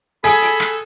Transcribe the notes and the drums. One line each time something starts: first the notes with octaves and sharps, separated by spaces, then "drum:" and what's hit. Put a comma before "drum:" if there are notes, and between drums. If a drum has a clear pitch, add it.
G#4 A4 B5, drum: hi-hat
drum: hi-hat
drum: rim click